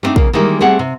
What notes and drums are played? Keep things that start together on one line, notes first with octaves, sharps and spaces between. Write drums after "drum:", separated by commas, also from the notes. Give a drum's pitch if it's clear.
G3 A3 C4 D4 D#4
C#3 A#3, drum: kick
D#3 E3 G3 G#3 A#3 D#4
G3 A3 C4 G#4 F#5
C3